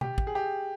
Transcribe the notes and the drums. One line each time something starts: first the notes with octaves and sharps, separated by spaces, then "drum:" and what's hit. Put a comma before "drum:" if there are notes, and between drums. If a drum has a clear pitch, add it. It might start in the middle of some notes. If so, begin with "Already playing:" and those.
G4, drum: tom B2
drum: kick
G#4
G4